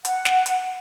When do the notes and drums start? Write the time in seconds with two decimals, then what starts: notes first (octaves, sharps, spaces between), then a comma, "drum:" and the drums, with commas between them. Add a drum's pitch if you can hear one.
0.05 F#5, drum: hi-hat
0.25 drum: snare
0.46 drum: hi-hat